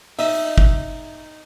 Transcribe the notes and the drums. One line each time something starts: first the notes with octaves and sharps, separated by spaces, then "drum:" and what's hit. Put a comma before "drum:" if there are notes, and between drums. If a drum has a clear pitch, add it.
D#4 D#5 E5, drum: open hi-hat
drum: kick